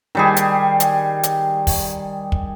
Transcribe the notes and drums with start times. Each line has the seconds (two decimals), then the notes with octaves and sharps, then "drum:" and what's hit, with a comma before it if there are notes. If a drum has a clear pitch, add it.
0.15 D#3 G3 G#4
0.37 drum: hi-hat
0.80 drum: hi-hat
1.23 drum: hi-hat
1.67 drum: kick, open hi-hat
2.32 drum: kick